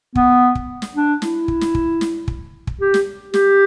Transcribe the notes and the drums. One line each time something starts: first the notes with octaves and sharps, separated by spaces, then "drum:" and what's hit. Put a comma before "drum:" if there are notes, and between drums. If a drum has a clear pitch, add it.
B3, drum: kick
drum: kick
drum: snare
D4
E4, drum: snare
drum: kick
drum: snare
drum: kick
drum: snare
drum: kick
drum: kick
G4
drum: snare
G4, drum: snare